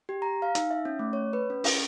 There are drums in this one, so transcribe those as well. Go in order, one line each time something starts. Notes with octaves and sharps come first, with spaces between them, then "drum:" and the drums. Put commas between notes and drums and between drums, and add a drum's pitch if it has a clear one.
G4
A#5
F5
D#4, drum: hi-hat
E5
C#4
A3
C#5
B4
C#4
C#4, drum: open hi-hat